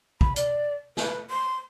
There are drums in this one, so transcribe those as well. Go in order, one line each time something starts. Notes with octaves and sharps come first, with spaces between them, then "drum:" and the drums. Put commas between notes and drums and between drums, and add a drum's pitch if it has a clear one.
B5, drum: kick
D5, drum: hi-hat
B4, drum: snare
C6